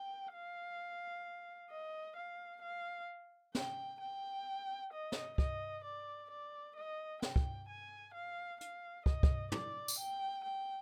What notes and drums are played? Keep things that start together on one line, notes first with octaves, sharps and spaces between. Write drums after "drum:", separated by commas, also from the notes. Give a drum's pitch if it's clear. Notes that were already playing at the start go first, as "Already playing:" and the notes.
Already playing: G5
F5
D#5
F5
F5
G5, drum: snare
G5
D#5
drum: snare
D#5, drum: kick
D5
D5
D#5
G5, drum: snare
drum: kick
G#5
F5
F5, drum: hi-hat
D#5, drum: kick
drum: kick
D5, drum: tom
drum: tambourine
G5
G5